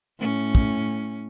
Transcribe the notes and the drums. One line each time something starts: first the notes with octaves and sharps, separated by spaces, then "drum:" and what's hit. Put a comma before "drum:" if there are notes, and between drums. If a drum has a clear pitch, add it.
A2 C#4
drum: kick